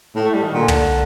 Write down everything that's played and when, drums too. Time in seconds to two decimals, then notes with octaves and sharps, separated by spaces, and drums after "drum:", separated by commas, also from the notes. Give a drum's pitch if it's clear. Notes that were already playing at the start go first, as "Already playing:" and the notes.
0.15 A2
0.25 A3
0.34 G3
0.44 D#3
0.54 A#2 D3
0.68 drum: tom